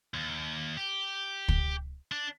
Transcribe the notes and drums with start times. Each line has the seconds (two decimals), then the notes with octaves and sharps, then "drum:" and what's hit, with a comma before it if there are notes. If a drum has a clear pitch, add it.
0.14 D#2
0.77 G4
1.48 drum: kick
2.12 D4